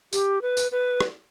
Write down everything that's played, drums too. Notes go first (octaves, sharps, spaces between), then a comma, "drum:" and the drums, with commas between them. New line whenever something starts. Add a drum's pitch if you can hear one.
G4, drum: tambourine
B4
drum: tambourine
B4
drum: rim click